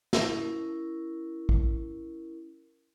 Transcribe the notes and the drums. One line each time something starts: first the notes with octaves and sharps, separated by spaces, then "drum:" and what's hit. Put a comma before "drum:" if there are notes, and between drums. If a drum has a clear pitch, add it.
C#4 E4 A#4, drum: snare
drum: kick